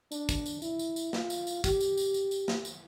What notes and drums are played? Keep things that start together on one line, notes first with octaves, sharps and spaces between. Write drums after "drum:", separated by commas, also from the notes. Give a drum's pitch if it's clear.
D4, drum: tambourine
drum: kick, tambourine
drum: tambourine
E4, drum: tambourine
drum: tambourine
drum: tambourine
F4, drum: snare
drum: tambourine
drum: tambourine
G4, drum: kick, tambourine
drum: tambourine
drum: tambourine
drum: tambourine
drum: tambourine
drum: snare
drum: tambourine